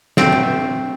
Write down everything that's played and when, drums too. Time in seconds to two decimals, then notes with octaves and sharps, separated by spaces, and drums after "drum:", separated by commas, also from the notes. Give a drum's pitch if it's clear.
0.17 A3 C4, drum: snare
0.32 B2